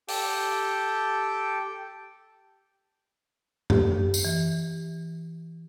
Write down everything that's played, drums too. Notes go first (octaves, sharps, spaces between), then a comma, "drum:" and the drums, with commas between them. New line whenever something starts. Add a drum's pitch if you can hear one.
G4 A4 G5, drum: open hi-hat
G4, drum: tom F#2
drum: tambourine
E3